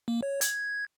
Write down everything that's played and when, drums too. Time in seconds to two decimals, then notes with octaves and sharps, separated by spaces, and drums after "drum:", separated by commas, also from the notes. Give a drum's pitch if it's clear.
0.08 A#3
0.23 C#5
0.41 G#6, drum: hi-hat